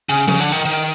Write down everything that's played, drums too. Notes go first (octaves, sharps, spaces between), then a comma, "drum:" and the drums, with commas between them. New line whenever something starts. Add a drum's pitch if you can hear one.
C#3
C#3, drum: tom F3
D3
D#3
D#3, drum: open hi-hat